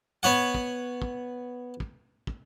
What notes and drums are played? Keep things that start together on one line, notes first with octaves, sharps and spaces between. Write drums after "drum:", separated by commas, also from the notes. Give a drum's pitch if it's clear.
B3 C#5 F#5
drum: kick
drum: kick
drum: kick
drum: kick